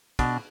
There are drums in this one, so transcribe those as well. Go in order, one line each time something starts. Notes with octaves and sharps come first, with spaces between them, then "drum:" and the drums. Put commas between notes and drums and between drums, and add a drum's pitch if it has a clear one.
B2 D4, drum: kick, cymbal